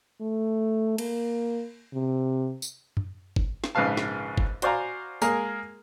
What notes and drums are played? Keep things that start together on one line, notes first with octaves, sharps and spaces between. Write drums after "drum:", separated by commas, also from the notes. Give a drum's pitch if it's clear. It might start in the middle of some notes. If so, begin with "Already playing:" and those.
A3
A#3, drum: cymbal
C3
drum: tambourine
drum: tom F#2
drum: kick
drum: snare
A#1 G#2 C#3 B4 F5 A5
drum: snare
drum: kick
F#4 C5 D5 F5 G#5 A#5, drum: hi-hat
G#3 A#3 G#4 A#4, drum: tambourine